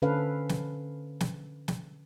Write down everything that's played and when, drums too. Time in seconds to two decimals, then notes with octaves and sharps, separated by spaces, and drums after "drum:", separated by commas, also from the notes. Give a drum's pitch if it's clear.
0.02 D3 C#4 A4 B4 F5
0.49 drum: snare
1.21 drum: snare
1.68 drum: snare